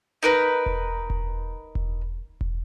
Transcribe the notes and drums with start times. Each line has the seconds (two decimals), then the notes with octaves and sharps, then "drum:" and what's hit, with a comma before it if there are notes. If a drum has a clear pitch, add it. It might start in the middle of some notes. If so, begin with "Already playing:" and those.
0.23 D#4 A#4 B4
0.66 drum: kick E1
1.10 drum: kick E1
1.75 drum: kick E1
2.41 drum: kick E1